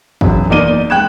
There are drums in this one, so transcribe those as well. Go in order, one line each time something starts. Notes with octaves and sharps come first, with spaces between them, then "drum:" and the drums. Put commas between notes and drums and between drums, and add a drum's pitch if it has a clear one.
E1 F#2, drum: kick
E2 A#3 D#4 D5 D#7 G7
G#3 G5 F#6 G#6 E7